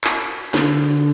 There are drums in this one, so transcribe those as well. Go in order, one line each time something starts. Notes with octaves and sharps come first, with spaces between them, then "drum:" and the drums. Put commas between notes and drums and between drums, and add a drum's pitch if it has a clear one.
drum: clap
D3, drum: snare